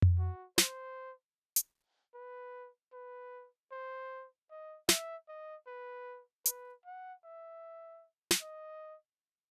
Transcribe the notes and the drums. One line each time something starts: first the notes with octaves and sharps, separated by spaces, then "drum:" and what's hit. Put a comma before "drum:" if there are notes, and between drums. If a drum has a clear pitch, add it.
drum: tom F2
F#4
C5, drum: snare
drum: hi-hat
B4
B4
C5
D#5
E5, drum: snare
D#5
B4
B4, drum: hi-hat
F#5
E5
drum: snare
D#5